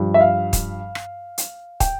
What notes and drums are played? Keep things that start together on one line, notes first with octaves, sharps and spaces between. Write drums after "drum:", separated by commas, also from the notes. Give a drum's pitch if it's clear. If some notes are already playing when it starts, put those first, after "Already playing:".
Already playing: G2 F3
E5
F5
drum: kick, hi-hat
drum: rim click
drum: hi-hat
G5, drum: kick, hi-hat